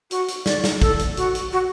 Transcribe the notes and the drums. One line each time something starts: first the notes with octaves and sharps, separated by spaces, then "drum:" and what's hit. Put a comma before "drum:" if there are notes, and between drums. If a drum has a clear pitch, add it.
F#4, drum: hi-hat
drum: hi-hat
D5, drum: snare
drum: snare
A4, drum: kick, hi-hat
drum: hi-hat
F#4, drum: hi-hat
drum: hi-hat
F#4